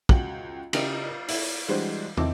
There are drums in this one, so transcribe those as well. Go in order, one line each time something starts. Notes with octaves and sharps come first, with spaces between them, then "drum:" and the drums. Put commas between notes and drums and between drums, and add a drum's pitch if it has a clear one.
C#2 F#4 G5 F#7, drum: kick
C#3 E4 G4 A#4 D5 D#5, drum: cymbal
E4, drum: open hi-hat
E3 G3 G#3 D4 F#4 C5
D#3 C4 D#4 E4 A5 D6, drum: tom